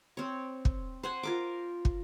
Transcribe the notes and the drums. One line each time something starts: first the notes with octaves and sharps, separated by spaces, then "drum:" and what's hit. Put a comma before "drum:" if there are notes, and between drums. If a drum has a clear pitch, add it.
C4 C#5
drum: kick
C5 F#5 G#5
F4 A#4 D6
drum: kick